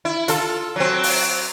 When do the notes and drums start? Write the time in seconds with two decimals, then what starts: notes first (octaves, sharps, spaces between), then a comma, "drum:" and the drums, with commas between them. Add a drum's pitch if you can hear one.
0.05 E4
0.28 F4 A4, drum: hi-hat
0.76 F#3 C4
1.03 drum: open hi-hat